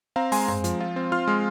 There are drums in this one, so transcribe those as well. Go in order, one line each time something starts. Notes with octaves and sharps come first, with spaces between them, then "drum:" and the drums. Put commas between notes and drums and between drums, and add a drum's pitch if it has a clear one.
C4 F5 A#5
G#3 G#5 C6, drum: open hi-hat
C4, drum: tom F#2
F3, drum: hi-hat
F4
C4
F4 C6 F6
G#3